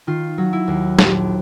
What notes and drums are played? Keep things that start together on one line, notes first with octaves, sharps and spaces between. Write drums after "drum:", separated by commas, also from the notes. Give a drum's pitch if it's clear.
D#3 F4
F#3
E4
D#2
A#1, drum: snare